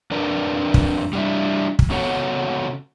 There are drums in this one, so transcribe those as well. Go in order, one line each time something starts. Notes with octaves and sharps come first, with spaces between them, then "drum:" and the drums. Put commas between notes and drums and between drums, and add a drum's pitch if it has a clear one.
F2 D4 A#4 B4 D5
drum: kick
G3 D4 E4
drum: kick
C#3 B3 F#4 A4 C#5 F#5